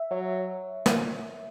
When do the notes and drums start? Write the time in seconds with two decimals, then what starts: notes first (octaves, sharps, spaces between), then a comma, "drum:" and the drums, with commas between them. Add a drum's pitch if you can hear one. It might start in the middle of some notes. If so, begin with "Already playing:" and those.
Already playing: E5
0.11 F#3 C#5
0.86 drum: snare